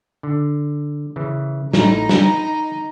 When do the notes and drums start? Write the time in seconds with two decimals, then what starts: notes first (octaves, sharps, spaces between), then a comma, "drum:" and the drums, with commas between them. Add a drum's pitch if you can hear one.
0.23 D3
1.16 C#3 E3
1.73 A1 A2 D#4 A#5, drum: snare
2.09 B4 G5, drum: snare